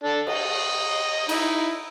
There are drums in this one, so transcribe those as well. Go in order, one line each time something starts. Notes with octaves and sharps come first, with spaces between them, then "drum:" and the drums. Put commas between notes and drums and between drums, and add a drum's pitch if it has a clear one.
D4 A4
D#5, drum: cymbal
D#4 E4, drum: cymbal